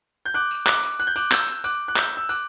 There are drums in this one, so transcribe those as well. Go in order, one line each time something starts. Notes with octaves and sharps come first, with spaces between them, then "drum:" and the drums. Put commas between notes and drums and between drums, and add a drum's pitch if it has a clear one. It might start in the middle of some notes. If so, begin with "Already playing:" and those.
G6
D6 F#6
drum: tambourine
D6 F#6, drum: clap
drum: tambourine
F#6, drum: tambourine
G6
D6 F#6, drum: tambourine
E6 G6, drum: clap
drum: tambourine
D6 F#6, drum: tambourine
F#6
E6 G6, drum: clap
E6
D6 F#6, drum: tambourine